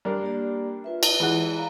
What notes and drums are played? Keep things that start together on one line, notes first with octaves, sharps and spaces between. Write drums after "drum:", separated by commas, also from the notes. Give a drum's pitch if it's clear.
G2 D4 A#4
A#3 G4 D5
F4 B4 E5
drum: cymbal
E3 G#3 F#5
F5 A#5